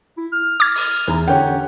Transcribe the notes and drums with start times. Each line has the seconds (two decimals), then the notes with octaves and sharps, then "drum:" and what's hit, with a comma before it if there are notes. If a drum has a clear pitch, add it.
0.18 E4
0.33 F6
0.60 D6 G#6
0.75 drum: open hi-hat
1.08 E2 D#4
1.28 D3 C#4 G4 F#5 G5